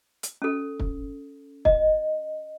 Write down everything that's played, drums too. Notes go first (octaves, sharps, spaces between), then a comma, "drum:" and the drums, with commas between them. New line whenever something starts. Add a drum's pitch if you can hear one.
drum: hi-hat
C#4 A4
drum: kick
D#5, drum: kick